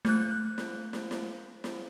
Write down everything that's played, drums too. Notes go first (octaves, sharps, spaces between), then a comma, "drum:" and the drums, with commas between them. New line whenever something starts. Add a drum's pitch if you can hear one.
A3 F#6, drum: snare
drum: snare
drum: snare
drum: snare
drum: snare